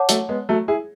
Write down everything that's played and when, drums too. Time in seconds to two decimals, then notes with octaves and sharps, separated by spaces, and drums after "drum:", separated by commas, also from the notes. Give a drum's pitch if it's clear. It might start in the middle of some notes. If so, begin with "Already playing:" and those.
Already playing: C#5 F#5 A5 D6
0.09 F#3 A3, drum: hi-hat
0.29 G#3 B3
0.49 F#3 A3
0.68 E4 G#4